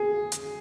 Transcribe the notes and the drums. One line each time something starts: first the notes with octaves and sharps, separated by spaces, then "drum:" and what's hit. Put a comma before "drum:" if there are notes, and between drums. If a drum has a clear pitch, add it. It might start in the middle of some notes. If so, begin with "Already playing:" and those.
Already playing: G#4
drum: hi-hat